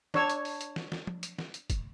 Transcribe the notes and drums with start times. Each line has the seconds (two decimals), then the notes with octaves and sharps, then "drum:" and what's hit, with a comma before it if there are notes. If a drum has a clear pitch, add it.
0.14 D4 C#5 E6, drum: snare
0.30 drum: hi-hat
0.45 drum: open hi-hat
0.61 drum: hi-hat
0.76 drum: snare
0.92 drum: snare
1.07 drum: tom F3
1.23 drum: hi-hat
1.38 drum: snare
1.54 drum: hi-hat
1.70 drum: kick, hi-hat